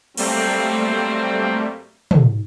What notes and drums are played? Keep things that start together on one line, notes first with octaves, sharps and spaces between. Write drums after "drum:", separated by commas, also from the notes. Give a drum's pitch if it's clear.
G2 F#3 G3 A3 A#3 C4, drum: cymbal
drum: tom